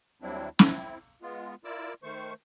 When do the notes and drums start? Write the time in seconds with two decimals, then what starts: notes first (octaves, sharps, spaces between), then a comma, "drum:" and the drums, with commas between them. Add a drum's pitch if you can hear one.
0.22 D#2 F#3 G3 C4 D4 E4
0.59 C4 E4, drum: snare
1.22 G#3 B3 F4
1.64 E4 F4 A#4 D5 D6 E6
2.03 D#3 A3 C5 C#6